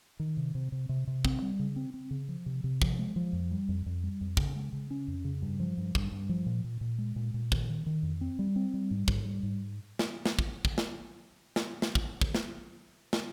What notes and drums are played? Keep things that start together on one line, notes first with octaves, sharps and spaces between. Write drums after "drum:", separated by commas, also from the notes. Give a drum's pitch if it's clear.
D#3
C3
C3
C3
C3
C3
C4, drum: kick
G3
C#3
C4
C4
C#3
F3
C3
C3
F3, drum: kick
G#3
F3
F2
G3
F2
F2
G3
F2
C#3, drum: kick
G#3
C#3
C#4
F2
C#3
G2
F3
G2
G2, drum: kick
G2
F3
A#2
A#2
A#2
G#3
A#2
A#2
D#3, drum: kick
D#3
D#3
F2
C4
G3
C4
G3
G#2
G#2, drum: kick
G3
G#2
drum: snare
drum: snare
drum: kick
drum: kick
drum: snare
drum: snare
drum: snare
drum: kick
drum: kick
drum: snare
drum: snare